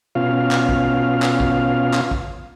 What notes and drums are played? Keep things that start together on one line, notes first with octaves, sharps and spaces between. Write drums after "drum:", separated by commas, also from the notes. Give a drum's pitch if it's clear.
B2 C#4 F4 F5
drum: clap
drum: kick
drum: clap
drum: kick
drum: clap
drum: kick